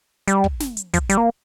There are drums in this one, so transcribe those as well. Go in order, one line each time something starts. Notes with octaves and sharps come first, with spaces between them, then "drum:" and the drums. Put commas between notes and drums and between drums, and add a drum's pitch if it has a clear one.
G3, drum: hi-hat
drum: kick
drum: snare
drum: hi-hat
F3, drum: kick, hi-hat
G3, drum: hi-hat
A#3